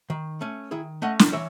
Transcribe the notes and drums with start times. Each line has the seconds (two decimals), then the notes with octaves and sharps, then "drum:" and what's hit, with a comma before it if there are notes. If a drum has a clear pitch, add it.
0.10 D#3
0.41 A3 C#4
0.71 D#3 E4 G#4
1.02 A3 C#4 D#5 F#5
1.19 drum: snare
1.32 E3 C#5 E5